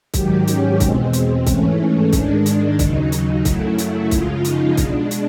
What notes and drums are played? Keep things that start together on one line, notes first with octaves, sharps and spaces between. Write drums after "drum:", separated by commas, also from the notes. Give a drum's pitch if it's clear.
G#2 D#3 F#3 G4, drum: kick C2, hi-hat
C#4, drum: hi-hat
E2 B2 G#3 C4, drum: kick C2, hi-hat
drum: hi-hat
G#2 E3 A3 C#4, drum: kick C2, hi-hat
G#2 D#3 G#3 D4, drum: kick C2, hi-hat
drum: hi-hat
D#2 C#3 F#3 D#4, drum: kick C2, hi-hat
drum: hi-hat
F#2 C#3 F#3 A3 E4, drum: kick C2, hi-hat
drum: hi-hat
F#2 C#3 F3 G#3 F4, drum: kick C2, hi-hat
D#4, drum: hi-hat
B2 G#3 D4, drum: kick C2, hi-hat
drum: hi-hat